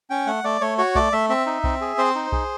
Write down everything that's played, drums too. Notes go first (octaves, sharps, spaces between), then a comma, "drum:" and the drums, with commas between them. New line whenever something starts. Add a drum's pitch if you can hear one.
C#4 G5
A3 F#5
A3 D5
A3 C#5
F#4 C#5
A3 D5, drum: kick B1
A3 E5
C4 E5
D#4
C4, drum: kick B1
G#4
C4 C5
D#4
G#4, drum: kick B1